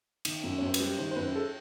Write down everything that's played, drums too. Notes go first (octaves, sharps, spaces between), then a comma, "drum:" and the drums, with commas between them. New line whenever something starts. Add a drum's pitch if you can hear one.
D#3, drum: cymbal
F#2
C#5
F#2 C5
B4, drum: cymbal
G3
D#3 C5
C5
F#2 B4
A4